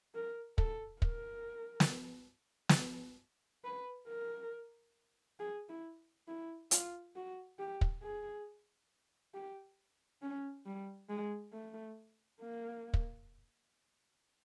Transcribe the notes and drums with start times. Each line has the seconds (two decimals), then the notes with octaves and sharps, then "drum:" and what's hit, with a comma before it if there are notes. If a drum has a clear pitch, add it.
0.15 A#4
0.58 A4, drum: kick
1.02 A#4, drum: kick
1.80 drum: snare
2.69 drum: snare
3.64 B4
4.08 A#4
5.39 G#4
5.69 E4
6.28 E4
6.71 F4, drum: hi-hat
7.15 F#4
7.59 G4
7.81 drum: kick
8.03 G#4
9.34 G4
10.22 C#4
10.66 G3
11.09 G#3
11.53 A3
12.41 A#3
12.94 drum: kick